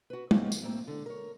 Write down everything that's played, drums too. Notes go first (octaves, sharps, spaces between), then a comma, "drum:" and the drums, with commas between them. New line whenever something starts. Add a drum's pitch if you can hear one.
F#4 B4
G#3 A#3 C4 C#4 F#5, drum: tom
drum: tambourine
A2 A#3 C4
D3
A#4 C#5